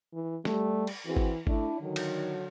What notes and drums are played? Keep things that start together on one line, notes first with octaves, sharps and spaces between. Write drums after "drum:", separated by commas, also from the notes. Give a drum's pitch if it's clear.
E3
G3 A3, drum: snare
drum: cymbal
E3 C4 F#4 G#4
drum: kick G#1
A3 D4 E4, drum: kick G#1
D3 D#3 F#3
drum: cymbal